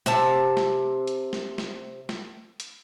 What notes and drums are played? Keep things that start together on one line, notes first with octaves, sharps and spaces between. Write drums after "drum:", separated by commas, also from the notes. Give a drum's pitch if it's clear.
C3 E5 A5, drum: snare
drum: snare
drum: hi-hat
drum: snare
drum: snare
drum: snare
drum: hi-hat